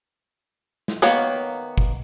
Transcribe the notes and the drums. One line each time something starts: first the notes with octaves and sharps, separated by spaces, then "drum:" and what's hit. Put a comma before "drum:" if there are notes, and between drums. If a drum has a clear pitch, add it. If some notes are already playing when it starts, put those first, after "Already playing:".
drum: snare
D#3 A#3 B3 C#5
drum: kick G1